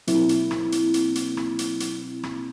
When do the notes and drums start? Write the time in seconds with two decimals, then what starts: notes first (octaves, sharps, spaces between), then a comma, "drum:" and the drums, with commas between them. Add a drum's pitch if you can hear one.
0.07 B2 F#3 A#3 C4 E4, drum: hi-hat
0.29 drum: hi-hat
0.51 drum: rim click
0.72 drum: hi-hat
0.94 drum: hi-hat
1.15 drum: hi-hat
1.37 drum: rim click
1.59 drum: hi-hat
1.80 drum: hi-hat
2.23 drum: rim click